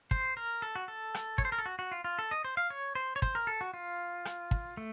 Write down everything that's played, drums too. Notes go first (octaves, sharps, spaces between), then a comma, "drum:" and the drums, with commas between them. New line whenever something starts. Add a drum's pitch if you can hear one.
C5, drum: kick
A#4
A4
F#4
A4
drum: rim click
C#5, drum: kick
C5
A#4
A4
F#4
F#4
F4
F4
A4
D#5
C5
F5
C#5
C5
C#5
C5, drum: kick
A#4
A4
F#4
F4
drum: rim click
drum: kick
A3